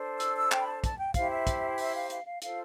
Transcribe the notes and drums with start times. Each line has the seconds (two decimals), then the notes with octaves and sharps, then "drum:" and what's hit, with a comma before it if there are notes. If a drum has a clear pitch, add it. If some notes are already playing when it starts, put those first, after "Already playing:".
Already playing: D4 A4 C5
0.20 E6, drum: hi-hat
0.36 E6
0.52 G5, drum: clap
0.60 B5
0.67 A5
0.84 A5, drum: kick, hi-hat
0.98 G5
1.14 E4 G4 C5 F5, drum: kick, hi-hat
1.31 E5
1.47 drum: kick, hi-hat
1.78 E5, drum: open hi-hat
1.94 F5
2.10 F5, drum: hi-hat
2.26 F5
2.42 F4 A4 C5 F5, drum: hi-hat